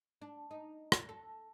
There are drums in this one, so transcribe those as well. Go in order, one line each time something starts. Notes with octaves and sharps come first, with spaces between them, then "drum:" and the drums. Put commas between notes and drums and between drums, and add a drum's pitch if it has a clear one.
D4
D#4
drum: rim click
A4